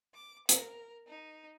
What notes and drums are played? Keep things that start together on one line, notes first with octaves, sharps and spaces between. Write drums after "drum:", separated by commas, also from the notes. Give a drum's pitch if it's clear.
D6
A#4, drum: hi-hat
D#4